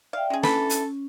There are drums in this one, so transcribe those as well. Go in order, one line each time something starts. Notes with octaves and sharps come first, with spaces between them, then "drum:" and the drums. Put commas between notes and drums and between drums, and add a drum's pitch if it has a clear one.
D5 E5 F5 G5
G#3 C#4 G#4
E3 D4 A4 B5, drum: snare
drum: hi-hat